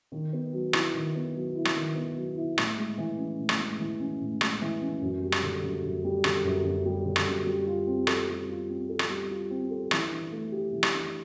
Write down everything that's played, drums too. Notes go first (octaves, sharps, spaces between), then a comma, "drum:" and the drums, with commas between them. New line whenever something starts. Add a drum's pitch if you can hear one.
D#3
B3
F#3
E4, drum: rim click
D#3
B3
F#3
E4
drum: rim click
D#3
B3
F#3
E4
A2, drum: rim click
G#3
E3
C#4
A2
drum: rim click
G#3
E3
C#4
A2
G#3, drum: rim click
E3
C#4
F#2
G3
drum: rim click
D3
F#2
F#2
G3
D3, drum: rim click
F#2
F#2
G3
D3
drum: rim click
F#2
G3
F4
C4
A4, drum: rim click
G3
F4
C4
A4
drum: rim click
G3
F4
C4
A4
E3, drum: rim click
D4
A3
G4
E3
drum: rim click
D4